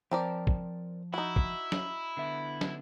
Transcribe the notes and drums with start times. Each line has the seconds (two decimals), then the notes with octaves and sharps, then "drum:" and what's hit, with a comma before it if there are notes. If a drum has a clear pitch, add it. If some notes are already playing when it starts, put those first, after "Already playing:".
0.11 F3 C4 A#4 D5 A5
0.47 drum: kick
1.14 D#4 E4 F#4
1.36 drum: kick
1.72 drum: snare
2.17 D3 B3 E5
2.61 drum: snare